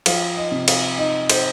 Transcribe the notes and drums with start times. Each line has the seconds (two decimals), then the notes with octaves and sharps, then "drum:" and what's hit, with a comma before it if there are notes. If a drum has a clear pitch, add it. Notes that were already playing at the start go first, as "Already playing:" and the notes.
0.06 F3 F5, drum: cymbal
0.37 D#5
0.52 C3
0.68 F5, drum: cymbal
0.98 D#4 D#5
1.30 C5, drum: cymbal